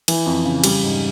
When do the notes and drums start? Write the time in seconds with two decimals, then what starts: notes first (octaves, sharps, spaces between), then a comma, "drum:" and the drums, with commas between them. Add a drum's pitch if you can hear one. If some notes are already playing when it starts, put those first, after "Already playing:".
0.08 E3, drum: cymbal
0.26 F2
0.45 C#3
0.64 G3, drum: cymbal
0.83 G#2